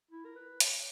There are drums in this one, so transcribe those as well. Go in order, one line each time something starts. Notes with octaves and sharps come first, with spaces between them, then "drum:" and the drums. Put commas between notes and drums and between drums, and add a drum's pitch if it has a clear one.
E4
A#4
B4
C#5, drum: hi-hat